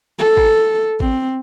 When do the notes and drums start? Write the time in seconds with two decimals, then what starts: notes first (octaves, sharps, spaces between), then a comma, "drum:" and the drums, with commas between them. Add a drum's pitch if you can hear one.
0.19 A4
0.37 drum: kick G#1
1.00 C4, drum: kick G#1